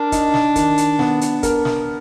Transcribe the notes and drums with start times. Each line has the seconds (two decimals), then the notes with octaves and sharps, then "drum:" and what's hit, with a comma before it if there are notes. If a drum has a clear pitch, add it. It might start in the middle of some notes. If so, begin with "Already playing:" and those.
Already playing: D4 A#4
0.12 D#4, drum: kick, hi-hat
0.34 drum: snare
0.56 D#3, drum: kick, hi-hat
0.78 drum: hi-hat
0.99 B3, drum: snare
1.21 drum: hi-hat
1.43 A#4, drum: kick, hi-hat
1.65 drum: snare